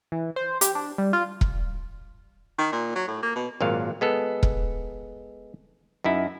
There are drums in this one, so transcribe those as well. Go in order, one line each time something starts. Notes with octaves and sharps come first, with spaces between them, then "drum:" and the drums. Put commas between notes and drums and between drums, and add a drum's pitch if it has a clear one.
E3
C5
G4, drum: hi-hat
D4
G3
F4
drum: kick E1
D#3
A#2
F#3
A2
A#3
B2
G#1 A#2 F#3 F5
G#3 B3 A4
drum: kick E1
F#2 D#4 E4